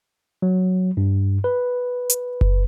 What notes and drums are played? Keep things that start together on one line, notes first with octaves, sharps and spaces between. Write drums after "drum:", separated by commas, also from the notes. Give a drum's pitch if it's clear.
F#3
G2
B4
drum: hi-hat
drum: kick F#1